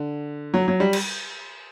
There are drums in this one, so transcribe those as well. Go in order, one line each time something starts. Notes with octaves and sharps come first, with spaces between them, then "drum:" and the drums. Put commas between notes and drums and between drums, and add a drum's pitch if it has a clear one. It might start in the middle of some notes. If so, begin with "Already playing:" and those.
Already playing: D3
F#3
F#3
G3
drum: cymbal